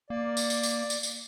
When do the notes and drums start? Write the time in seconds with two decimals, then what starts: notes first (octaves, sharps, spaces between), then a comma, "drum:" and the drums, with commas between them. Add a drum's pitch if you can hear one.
0.10 A#3 D5
0.37 drum: tambourine
0.50 drum: tambourine
0.63 drum: tambourine
0.90 drum: tambourine
1.03 drum: tambourine